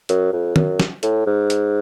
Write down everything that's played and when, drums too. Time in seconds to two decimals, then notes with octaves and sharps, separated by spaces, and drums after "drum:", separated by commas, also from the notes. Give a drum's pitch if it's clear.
0.09 F#2, drum: hi-hat
0.33 F2
0.56 F#2, drum: tom
0.80 drum: snare
1.03 A2, drum: hi-hat
1.26 G#2
1.50 drum: hi-hat